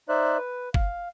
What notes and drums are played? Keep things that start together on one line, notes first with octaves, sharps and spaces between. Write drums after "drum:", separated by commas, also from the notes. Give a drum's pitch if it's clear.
D#4 C5 D5 E5 F#6
B4
F5, drum: kick G1